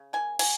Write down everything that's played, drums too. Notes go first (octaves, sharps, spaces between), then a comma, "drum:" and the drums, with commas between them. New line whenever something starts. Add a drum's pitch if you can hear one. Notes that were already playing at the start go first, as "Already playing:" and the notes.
Already playing: C#3
A#3 G#5
F#3 G#5, drum: cymbal